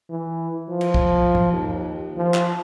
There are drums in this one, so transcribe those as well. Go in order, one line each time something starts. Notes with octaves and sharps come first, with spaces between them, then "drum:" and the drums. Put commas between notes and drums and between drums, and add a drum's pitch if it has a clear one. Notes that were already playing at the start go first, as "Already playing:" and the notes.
E3
F3
drum: cymbal
drum: kick
drum: tom
D#2
F3
drum: clap